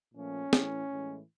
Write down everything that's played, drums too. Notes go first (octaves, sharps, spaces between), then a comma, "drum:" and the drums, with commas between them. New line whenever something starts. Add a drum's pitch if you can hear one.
A#2 F3 A3 C#4
A2 E3 A3, drum: snare
A2 E3 G#3